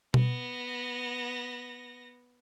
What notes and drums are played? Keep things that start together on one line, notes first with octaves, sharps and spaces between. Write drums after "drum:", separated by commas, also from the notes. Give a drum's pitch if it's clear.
B3 A#6, drum: tom B2